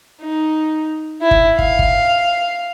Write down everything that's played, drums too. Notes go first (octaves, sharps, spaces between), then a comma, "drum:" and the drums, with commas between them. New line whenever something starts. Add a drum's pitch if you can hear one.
D#4
E4
drum: kick
F5, drum: kick
drum: kick